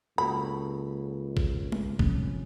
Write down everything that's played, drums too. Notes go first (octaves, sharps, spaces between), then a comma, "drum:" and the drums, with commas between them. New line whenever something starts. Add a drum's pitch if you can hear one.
C#2 A#3 F#4 A4 B5
drum: kick
drum: tom
C3 F3 G3 C#4, drum: kick